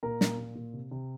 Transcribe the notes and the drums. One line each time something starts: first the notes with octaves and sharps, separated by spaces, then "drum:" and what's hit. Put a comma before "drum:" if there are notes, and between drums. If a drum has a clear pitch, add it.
A#2 A#4 A#5
A#2, drum: snare
A#2
A#2
C3
C3